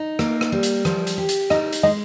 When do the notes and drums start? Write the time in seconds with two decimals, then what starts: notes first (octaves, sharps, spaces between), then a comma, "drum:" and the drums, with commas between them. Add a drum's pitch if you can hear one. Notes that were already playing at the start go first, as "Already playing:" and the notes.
Already playing: D#4
0.19 A#3, drum: rim click
0.41 drum: rim click
0.52 G3
0.63 drum: hi-hat
0.85 F3, drum: rim click
1.07 drum: hi-hat
1.18 G4
1.29 drum: hi-hat
1.50 D#4 D#5, drum: rim click
1.72 drum: hi-hat
1.83 G#3 D#5